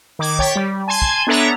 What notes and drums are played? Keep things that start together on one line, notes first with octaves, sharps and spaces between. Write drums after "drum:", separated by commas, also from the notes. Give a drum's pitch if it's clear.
D#3 D6 G#6
C#5 G5 A6 B6, drum: kick
G3
G#5 A5 C6 G#6
drum: kick
B3 D4 A4 C#5 E5 A#5